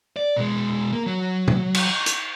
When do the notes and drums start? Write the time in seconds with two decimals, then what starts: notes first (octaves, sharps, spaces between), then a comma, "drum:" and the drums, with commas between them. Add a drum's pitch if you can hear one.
0.16 D5
0.36 B2 G#3
0.92 A#3
1.06 F#3
1.48 drum: tom
1.75 drum: cymbal
2.06 drum: hi-hat